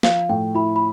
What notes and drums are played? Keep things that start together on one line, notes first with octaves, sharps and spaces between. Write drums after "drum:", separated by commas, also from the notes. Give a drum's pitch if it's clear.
F3 F5, drum: snare
A2 G5
E4 B5
B5